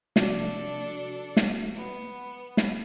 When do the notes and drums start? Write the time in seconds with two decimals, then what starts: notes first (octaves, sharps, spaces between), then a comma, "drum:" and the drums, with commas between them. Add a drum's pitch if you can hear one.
0.16 C3 F3 D4 F#4 A4, drum: snare
1.37 drum: snare
1.74 B3
2.57 drum: snare